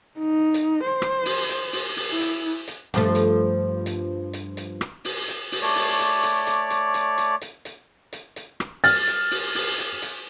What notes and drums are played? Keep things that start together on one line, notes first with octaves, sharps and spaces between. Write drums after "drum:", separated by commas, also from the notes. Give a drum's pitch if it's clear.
D#4
drum: hi-hat
C5
drum: rim click
drum: open hi-hat
drum: hi-hat
drum: open hi-hat
drum: open hi-hat
E4
drum: hi-hat
drum: hi-hat
G2 F3 A3, drum: hi-hat
drum: hi-hat
drum: hi-hat
drum: hi-hat
drum: hi-hat
drum: rim click
drum: open hi-hat
drum: hi-hat
drum: open hi-hat
A3 C#5 D5 D6
drum: open hi-hat
drum: hi-hat
drum: hi-hat
drum: hi-hat
drum: hi-hat
drum: hi-hat
drum: hi-hat
drum: hi-hat
drum: hi-hat
drum: hi-hat
drum: hi-hat
drum: rim click
F6 A6, drum: open hi-hat
drum: hi-hat
drum: open hi-hat
drum: open hi-hat
drum: hi-hat
drum: hi-hat